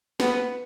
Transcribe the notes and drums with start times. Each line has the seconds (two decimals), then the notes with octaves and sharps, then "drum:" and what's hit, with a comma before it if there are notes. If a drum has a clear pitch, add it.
0.20 B3, drum: snare